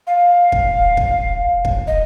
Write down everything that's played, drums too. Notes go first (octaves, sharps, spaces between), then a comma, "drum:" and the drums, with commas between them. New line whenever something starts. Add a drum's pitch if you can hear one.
F5
drum: kick
drum: kick
drum: kick
D#5